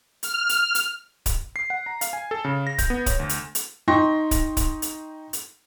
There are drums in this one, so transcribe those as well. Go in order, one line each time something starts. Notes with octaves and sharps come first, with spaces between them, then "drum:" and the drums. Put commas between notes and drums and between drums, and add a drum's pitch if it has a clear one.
F6, drum: hi-hat
drum: hi-hat
drum: hi-hat
drum: kick D1, hi-hat
C7
F#5
A#5
F5, drum: hi-hat
G#5
A4
C#3
A#6
G6, drum: kick D1, hi-hat
B3
C#5, drum: kick D1, hi-hat
D2
drum: hi-hat
drum: hi-hat
D#4 G5 C6 C#6 A#6
drum: kick D1, hi-hat
drum: kick D1, hi-hat
drum: hi-hat
drum: hi-hat